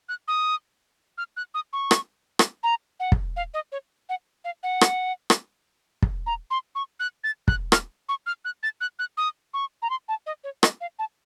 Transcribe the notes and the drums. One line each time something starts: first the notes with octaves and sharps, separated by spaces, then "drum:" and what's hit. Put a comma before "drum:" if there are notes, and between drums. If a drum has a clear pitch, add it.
F#6
D#6
F6
F#6
D#6
C#6
drum: rim click
drum: rim click
A#5
F#5
drum: kick
F5
D#5
C#5
F#5
F5
F#5
drum: rim click
drum: rim click
drum: kick
A#5
C6
C#6
F#6
A6
F#6, drum: kick
F6, drum: rim click
C#6
F6
F#6
A6
F#6
F#6
D#6
C#6
A#5
C6
A5
D#5
C#5
D#5, drum: rim click
F5
A5